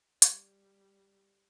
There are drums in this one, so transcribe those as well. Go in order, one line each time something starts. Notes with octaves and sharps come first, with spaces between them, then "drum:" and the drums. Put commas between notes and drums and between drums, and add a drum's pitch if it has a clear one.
G3, drum: hi-hat